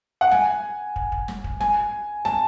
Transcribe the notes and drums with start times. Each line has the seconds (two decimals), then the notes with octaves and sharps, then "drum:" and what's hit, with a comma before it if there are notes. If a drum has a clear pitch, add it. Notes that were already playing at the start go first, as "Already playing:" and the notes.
0.21 F#5
0.31 G#5, drum: snare
0.96 drum: kick
1.12 drum: kick
1.28 drum: snare
1.44 drum: kick
1.61 G#5, drum: snare
2.25 A5, drum: snare